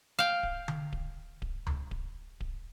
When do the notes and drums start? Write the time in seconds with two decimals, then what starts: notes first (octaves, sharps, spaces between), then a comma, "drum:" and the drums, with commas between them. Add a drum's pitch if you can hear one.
0.19 F5 G5
0.43 drum: kick D1
0.68 drum: tom D3
0.93 drum: kick D1
1.42 drum: kick D1
1.67 drum: tom C#2
1.91 drum: kick D1
2.41 drum: kick D1